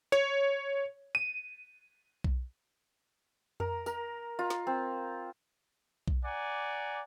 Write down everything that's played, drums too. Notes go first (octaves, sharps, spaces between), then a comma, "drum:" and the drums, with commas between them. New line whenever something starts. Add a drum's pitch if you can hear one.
C#5, drum: snare
D#7
drum: kick B1
A#4, drum: tom F2
A#4, drum: tambourine
F4
drum: snare
C4
drum: kick B1
D5 F#5 G#5 A#5 D6